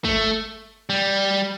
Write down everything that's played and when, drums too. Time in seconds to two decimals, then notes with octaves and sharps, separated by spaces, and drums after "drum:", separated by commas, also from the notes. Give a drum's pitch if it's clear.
0.04 A3, drum: kick
0.90 G3